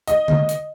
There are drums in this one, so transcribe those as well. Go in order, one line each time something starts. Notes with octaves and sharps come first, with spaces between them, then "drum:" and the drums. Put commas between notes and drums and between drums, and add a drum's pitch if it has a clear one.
D#5, drum: hi-hat
drum: tom D3
drum: hi-hat